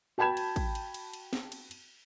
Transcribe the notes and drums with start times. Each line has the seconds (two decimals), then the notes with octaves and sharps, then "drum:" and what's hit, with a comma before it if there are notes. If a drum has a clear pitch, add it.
0.18 F#4 G5 A5 B5 G#6 E7
0.37 drum: cymbal
0.56 drum: kick, cymbal
0.75 drum: cymbal
0.94 drum: cymbal
1.14 drum: cymbal
1.33 drum: snare
1.52 drum: cymbal
1.71 drum: cymbal